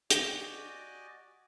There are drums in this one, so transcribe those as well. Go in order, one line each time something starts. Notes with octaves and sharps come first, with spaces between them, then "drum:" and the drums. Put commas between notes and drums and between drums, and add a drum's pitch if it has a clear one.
F#4 G4 D5 D#5 G#5 D6, drum: hi-hat